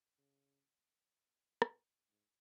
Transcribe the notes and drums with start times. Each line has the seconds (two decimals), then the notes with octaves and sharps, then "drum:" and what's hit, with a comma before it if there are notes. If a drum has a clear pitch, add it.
0.18 C#3
1.62 A#2, drum: rim click
2.09 G#2